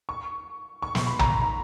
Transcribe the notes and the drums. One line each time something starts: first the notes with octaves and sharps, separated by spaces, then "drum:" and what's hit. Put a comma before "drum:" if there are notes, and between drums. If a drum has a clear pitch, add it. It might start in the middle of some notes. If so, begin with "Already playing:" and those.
C#6
C#6
C6, drum: snare
B5
A#5, drum: tom
B5
A#5